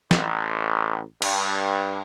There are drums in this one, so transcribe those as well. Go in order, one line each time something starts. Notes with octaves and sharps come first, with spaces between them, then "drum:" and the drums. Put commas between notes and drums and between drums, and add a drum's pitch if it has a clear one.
A1, drum: snare
G2, drum: cymbal